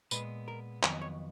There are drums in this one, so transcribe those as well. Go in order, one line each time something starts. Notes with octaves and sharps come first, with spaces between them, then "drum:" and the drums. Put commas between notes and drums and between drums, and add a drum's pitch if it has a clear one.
A#2 G#3 B3 B4, drum: tambourine
A#4
F2 D#3 F#3 B3 C#5, drum: clap
C#5